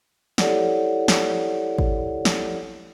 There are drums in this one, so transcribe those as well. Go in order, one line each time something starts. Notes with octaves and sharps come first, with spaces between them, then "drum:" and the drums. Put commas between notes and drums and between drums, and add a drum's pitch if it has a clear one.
E4 G4 A4 C#5 D5 F#5, drum: snare
drum: snare
drum: kick G#1
drum: snare